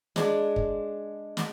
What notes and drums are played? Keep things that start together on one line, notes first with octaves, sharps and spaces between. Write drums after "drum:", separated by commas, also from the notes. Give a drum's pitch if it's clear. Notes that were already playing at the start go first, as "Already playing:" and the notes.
G#3 D4, drum: snare
drum: kick
drum: snare